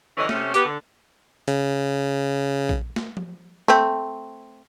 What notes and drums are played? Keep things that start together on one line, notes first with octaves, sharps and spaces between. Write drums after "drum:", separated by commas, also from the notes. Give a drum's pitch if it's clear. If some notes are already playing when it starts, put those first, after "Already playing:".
G2 D3 E3 C#4 D#5
C3 A3 C#4, drum: snare
B3 G4, drum: hi-hat
D3
C#3, drum: hi-hat
drum: kick A#1
drum: snare
drum: tom F3
A3 C4, drum: snare